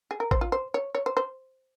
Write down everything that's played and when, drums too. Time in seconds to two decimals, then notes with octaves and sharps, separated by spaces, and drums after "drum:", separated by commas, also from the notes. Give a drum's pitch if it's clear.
0.11 G#4
0.20 A#4
0.31 C5, drum: kick
0.41 F4
0.52 C5
0.74 C#5
0.95 C#5
1.06 C5
1.17 C5